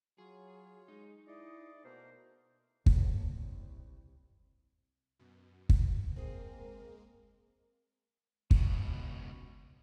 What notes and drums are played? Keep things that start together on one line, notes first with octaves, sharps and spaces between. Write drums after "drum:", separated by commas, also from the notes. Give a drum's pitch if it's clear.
F#3 F4 G#4 C#5
G#3 D#4
E4 G#4 D5 D#5
B2 A3 A#3 A#4 C5
F#1 B1, drum: kick
C2
F#2 B2
drum: kick
G#3 A#3 C4 G#4 A#4
C#2 B2, drum: kick